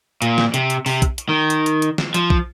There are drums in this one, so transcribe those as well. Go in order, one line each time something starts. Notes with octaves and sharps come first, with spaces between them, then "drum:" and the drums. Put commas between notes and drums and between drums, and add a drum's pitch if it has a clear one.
A#2, drum: hi-hat
drum: snare
C3, drum: hi-hat
drum: hi-hat
C3, drum: open hi-hat
drum: kick, hi-hat
drum: hi-hat
D#3
drum: hi-hat
drum: hi-hat
drum: hi-hat
drum: snare
F3, drum: hi-hat
drum: kick